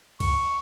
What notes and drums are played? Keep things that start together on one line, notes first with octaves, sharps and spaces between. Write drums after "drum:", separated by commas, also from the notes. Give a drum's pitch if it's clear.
C#6, drum: kick, cymbal